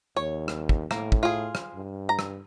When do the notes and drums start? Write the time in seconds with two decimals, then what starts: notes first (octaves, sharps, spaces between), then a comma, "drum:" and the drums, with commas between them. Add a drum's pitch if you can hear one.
0.17 D#2 C#5
0.48 drum: rim click
0.69 drum: kick
0.91 A2 A#3, drum: rim click
1.12 drum: kick
1.23 F4 G#4
1.55 drum: rim click
1.74 G2
2.09 A#5
2.19 drum: rim click